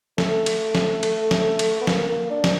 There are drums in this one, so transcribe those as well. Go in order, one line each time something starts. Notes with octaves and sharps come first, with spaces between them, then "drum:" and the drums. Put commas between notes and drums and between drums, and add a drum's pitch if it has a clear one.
A3, drum: snare
drum: cymbal
drum: snare
drum: cymbal
drum: snare
drum: cymbal
B3
A#3, drum: snare
A#3
D4
drum: snare